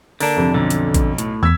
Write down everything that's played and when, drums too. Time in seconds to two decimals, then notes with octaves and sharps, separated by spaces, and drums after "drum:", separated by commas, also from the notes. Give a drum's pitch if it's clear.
0.20 D3 A#3 D4, drum: open hi-hat
0.37 F2 C3
0.54 B1 D3
0.70 drum: hi-hat
0.94 drum: kick A1, hi-hat
1.18 A2, drum: hi-hat
1.43 E2 E6 G#6 B6